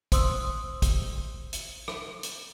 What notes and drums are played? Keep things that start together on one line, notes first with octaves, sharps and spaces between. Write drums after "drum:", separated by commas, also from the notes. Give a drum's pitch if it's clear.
C5 C6 D#6 E6, drum: kick, hi-hat
drum: kick, hi-hat
drum: hi-hat
drum: rim click
drum: hi-hat